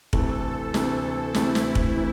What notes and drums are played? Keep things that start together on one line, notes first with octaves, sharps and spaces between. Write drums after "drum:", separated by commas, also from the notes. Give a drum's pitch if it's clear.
D2 C3 E3 A3 A4, drum: kick
D2 C3 E3 A3, drum: snare
D2 C3 E3 A3 E4, drum: snare
drum: snare
drum: kick
C3 E3